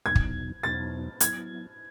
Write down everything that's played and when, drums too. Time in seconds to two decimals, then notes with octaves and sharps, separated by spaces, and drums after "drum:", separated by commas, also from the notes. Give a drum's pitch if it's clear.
0.06 E2 B2 F#3 B3 D#4 G#6
0.15 drum: kick
0.63 E2 B2 F#3 B3 D#4 A6
1.20 F#3 B3 E4 G#6, drum: hi-hat